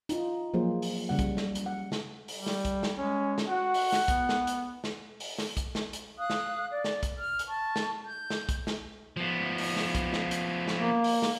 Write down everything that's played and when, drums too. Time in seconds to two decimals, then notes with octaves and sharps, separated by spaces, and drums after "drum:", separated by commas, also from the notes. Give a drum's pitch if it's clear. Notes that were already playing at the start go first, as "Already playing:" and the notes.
0.09 D#4 F4, drum: hi-hat
0.54 F3 F#3 A#3 G#4 C5
0.82 drum: open hi-hat
1.09 C#3 G3 F#5
1.19 drum: kick, hi-hat
1.37 drum: snare
1.55 drum: hi-hat
1.66 F#5
1.92 drum: snare
2.28 drum: open hi-hat
2.37 G3
2.46 drum: snare
2.65 drum: kick, hi-hat
2.83 drum: snare
2.98 G#3 C#4
3.38 drum: snare
3.48 F#4 F#5
3.74 drum: open hi-hat
3.92 drum: snare
4.08 B3, drum: kick, hi-hat
4.29 drum: snare
4.47 drum: hi-hat
4.84 drum: snare
5.20 drum: open hi-hat
5.38 drum: snare
5.57 drum: kick, hi-hat
5.75 drum: snare
5.93 drum: hi-hat
6.19 F5 D#6 F#6
6.30 drum: snare
6.71 D5
6.84 drum: snare
7.03 drum: kick, hi-hat
7.18 F6
7.39 drum: hi-hat
7.49 A5 C#6
7.76 drum: snare
8.05 G6
8.30 drum: snare
8.49 drum: kick, hi-hat
8.67 drum: snare
9.17 F3 B3
9.58 drum: open hi-hat
9.76 drum: snare
9.95 drum: kick, hi-hat
10.13 drum: snare
10.31 drum: hi-hat
10.68 drum: snare
10.79 A#3
11.04 drum: open hi-hat
11.22 drum: snare